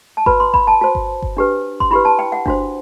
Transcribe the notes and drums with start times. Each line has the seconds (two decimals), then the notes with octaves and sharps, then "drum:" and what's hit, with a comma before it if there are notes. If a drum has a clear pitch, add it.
0.17 A5
0.26 F#4 B4 B5, drum: kick G1
0.40 C6
0.54 B5, drum: kick G1
0.67 A5
0.81 F#4 C5 A5
0.95 drum: kick G1
1.22 drum: kick G1
1.37 D4 G4 B4
1.80 C6, drum: kick G1
1.91 E4 G4 B4 B5
2.05 A5
2.19 G5
2.32 F#5
2.46 D4 F#4 C5, drum: kick G1